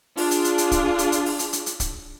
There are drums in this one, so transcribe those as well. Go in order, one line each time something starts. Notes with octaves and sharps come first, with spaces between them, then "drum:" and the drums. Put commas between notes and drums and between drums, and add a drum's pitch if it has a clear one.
D4 F4 G#4, drum: open hi-hat
drum: hi-hat
drum: hi-hat
drum: hi-hat
drum: kick C#1, hi-hat
drum: hi-hat
drum: hi-hat
drum: open hi-hat
drum: hi-hat
drum: hi-hat
drum: hi-hat
drum: kick C#1, hi-hat